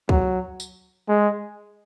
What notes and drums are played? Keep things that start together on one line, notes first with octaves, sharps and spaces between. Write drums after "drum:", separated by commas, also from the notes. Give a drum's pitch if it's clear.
F#3, drum: kick
drum: tambourine
G#3